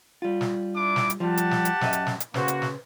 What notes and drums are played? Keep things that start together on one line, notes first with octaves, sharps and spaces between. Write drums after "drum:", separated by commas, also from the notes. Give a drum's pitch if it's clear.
G3 F4
drum: snare
D4 E4 D6
drum: snare
drum: hi-hat
F3 G3 G4 F#5 A5
drum: hi-hat
drum: snare
drum: hi-hat
F#2 D#5 E5, drum: snare
drum: hi-hat
drum: snare
drum: hi-hat
C#3 A#3 F#4 B4 C5, drum: snare
drum: hi-hat
drum: snare